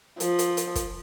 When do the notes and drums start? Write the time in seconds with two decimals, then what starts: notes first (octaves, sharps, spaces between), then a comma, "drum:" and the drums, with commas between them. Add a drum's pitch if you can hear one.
0.20 F3, drum: hi-hat
0.39 drum: hi-hat
0.57 drum: hi-hat
0.75 drum: kick, hi-hat